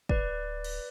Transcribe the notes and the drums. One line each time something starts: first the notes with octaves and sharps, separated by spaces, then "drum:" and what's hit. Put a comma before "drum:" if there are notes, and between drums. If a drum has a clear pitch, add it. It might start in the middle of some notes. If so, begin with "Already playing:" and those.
D1 B4 D5, drum: kick
drum: cymbal